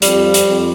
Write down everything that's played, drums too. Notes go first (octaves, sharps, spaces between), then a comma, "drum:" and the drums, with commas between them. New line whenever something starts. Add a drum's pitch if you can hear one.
F2 G3, drum: hi-hat
F3
drum: hi-hat
F2